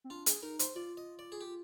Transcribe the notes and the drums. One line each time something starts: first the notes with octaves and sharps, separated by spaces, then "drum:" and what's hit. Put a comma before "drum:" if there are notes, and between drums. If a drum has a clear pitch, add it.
C4
D4 F4
G#4, drum: hi-hat
D#4 A#4
C5, drum: hi-hat
F4 D5
D#5
D5
G#4
G4